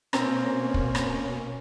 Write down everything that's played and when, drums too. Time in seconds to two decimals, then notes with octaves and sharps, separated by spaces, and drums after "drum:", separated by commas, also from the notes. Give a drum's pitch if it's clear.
0.13 B2 A#3 C4 C#4 A#5, drum: rim click
0.74 drum: kick
0.95 drum: rim click